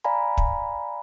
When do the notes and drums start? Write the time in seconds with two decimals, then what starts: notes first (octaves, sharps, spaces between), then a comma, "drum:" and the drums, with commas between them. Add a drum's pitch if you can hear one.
0.04 D5 F5 G#5 A#5 B5
0.37 drum: kick